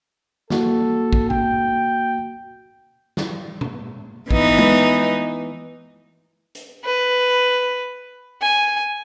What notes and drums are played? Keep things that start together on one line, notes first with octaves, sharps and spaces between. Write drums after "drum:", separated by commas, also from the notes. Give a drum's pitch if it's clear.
A#3 F#4 A4, drum: snare
drum: kick
G5, drum: tom B2
drum: snare
drum: tom B2
E3 B3 D#4, drum: kick
drum: tom G#3
drum: hi-hat
B4
G#5